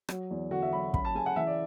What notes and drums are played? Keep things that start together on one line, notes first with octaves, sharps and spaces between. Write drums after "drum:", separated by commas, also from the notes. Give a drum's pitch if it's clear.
F#3, drum: rim click
E2
D3 F#4
E5
F#3 B5
C#4 B5, drum: kick
A5
C#3 G#5
F#5
E3 E5
D5